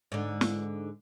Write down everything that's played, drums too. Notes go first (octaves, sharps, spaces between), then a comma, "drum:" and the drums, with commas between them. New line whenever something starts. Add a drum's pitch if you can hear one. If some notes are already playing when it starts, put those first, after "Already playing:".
G#2 D3
drum: snare